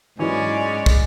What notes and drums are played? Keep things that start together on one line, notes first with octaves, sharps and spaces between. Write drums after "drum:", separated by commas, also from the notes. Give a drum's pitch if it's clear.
G#2 E3 F#3 G#3 C#4 D5
drum: kick